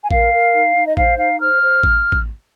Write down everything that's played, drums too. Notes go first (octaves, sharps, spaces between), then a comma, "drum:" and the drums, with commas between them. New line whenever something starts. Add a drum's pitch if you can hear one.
G#5
A#4 F5, drum: kick A1
A#4
D#4
D#4
D#5
C5 F5, drum: kick A1
D#4 F5
C5 F6
C5
drum: kick A1
drum: kick A1